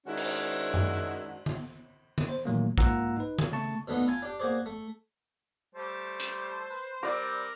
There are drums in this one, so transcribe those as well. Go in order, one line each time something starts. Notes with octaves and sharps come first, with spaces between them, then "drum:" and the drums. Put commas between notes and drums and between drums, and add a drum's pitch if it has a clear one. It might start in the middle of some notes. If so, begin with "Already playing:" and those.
D#3 G#3 C#4 D4 E4 F#4
drum: cymbal
drum: tom F#2
drum: tom D3
drum: tom D3
C5
A#2 D#3 E3 F#3 A3 A#3
G#2 A#3 F4 F#5 A#5 E6, drum: kick
D#4 B4
drum: tom D3
C#3 A3 A5 C#6
B2 D3 A3 B3 D#4
E4 F4 G#5 A5
D4 G4
A#3 F#4 G#4 C5 D5
A3
G3 A3 C5 A5
drum: hi-hat
B4
G3 C4 A#4 D5 D6